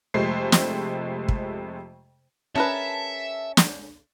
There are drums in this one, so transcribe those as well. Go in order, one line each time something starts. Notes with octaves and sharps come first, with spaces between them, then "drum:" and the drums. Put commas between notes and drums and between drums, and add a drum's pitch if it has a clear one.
F2 C3 G#3 A3 C5 C7
drum: snare
drum: kick
C#4 G#4 A#4 B4 E5 A5
drum: snare